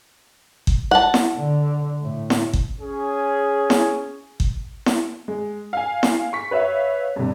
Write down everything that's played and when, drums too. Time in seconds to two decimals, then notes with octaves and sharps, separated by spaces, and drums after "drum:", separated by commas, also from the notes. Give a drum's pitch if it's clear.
0.67 drum: kick G1
0.91 F#5 A5
1.14 drum: snare E4
1.37 D3
2.01 A2
2.30 drum: snare E4
2.53 drum: kick G1
2.80 C#4 G#4
3.70 drum: snare E4
4.40 drum: kick G1
4.86 drum: snare E4
5.28 G#3
5.73 F5 G#5
6.03 drum: snare E4
6.33 C#6 B6
6.51 B4 C#5 E5 F5
7.16 G2 C3